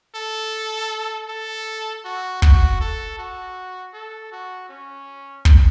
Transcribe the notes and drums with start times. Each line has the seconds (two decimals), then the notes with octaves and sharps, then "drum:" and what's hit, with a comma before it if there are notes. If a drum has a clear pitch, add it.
0.16 A4
1.29 A4
2.04 F#4
2.42 F#4, drum: kick
2.80 A4
3.18 F#4
3.94 A4
4.32 F#4
4.69 C#4
5.45 drum: kick